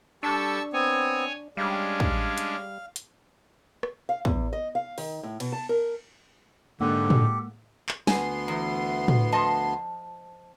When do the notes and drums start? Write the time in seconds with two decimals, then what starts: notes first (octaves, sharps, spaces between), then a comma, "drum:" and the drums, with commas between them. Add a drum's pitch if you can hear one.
0.23 G3 D4 A4 A5 C#6 E6
0.73 B3 C4 C#5 G#5
1.57 G3 G#3 C#4 D4 F5
2.00 drum: kick
2.38 drum: hi-hat
2.96 drum: hi-hat
3.83 drum: rim click
4.09 F5
4.25 E2, drum: kick
4.53 D#5
4.75 F5
4.98 D#3, drum: open hi-hat
5.23 A2
5.40 B2, drum: cymbal
5.52 A5
5.69 A#4
6.80 G#2 D3 G#3 A#3 G4 A4 F#5
7.10 drum: tom A2
7.89 drum: clap
8.07 D2 B3 G#5 C6, drum: snare
8.48 E2
9.08 drum: tom A2
9.32 F3 D#5 A5